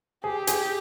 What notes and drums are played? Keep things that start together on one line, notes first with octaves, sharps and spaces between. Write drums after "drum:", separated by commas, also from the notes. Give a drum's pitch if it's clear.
G4 G#4
G#4, drum: hi-hat